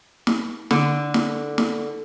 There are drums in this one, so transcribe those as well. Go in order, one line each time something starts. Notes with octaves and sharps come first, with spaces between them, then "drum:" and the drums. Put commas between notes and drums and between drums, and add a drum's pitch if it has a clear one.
drum: snare
D3, drum: snare
drum: snare
drum: snare